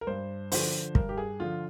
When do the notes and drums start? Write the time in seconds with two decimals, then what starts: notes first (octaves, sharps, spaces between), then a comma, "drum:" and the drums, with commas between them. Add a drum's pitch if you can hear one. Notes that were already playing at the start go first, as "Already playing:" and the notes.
0.01 A#4
0.07 G2 C5
0.52 D3 F3 C5, drum: open hi-hat
0.95 G2 A#4, drum: kick
1.09 G4
1.18 G#4
1.40 D3 F3 F4